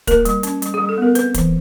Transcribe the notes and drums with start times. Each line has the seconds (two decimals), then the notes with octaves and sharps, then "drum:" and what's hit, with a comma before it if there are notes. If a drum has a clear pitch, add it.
0.07 A#3 A#4, drum: kick, hi-hat
0.25 G3, drum: hi-hat
0.43 C#4, drum: hi-hat
0.62 G3, drum: hi-hat
0.74 G#4
0.80 G3
0.89 A4
0.98 B3 A#4
1.15 C4 B4, drum: hi-hat
1.34 E3, drum: kick, hi-hat